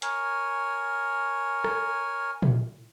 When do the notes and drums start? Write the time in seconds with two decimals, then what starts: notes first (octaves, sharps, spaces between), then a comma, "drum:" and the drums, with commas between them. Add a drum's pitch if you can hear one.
0.02 A#4 C#5 G#5, drum: hi-hat
1.64 drum: rim click
2.42 drum: tom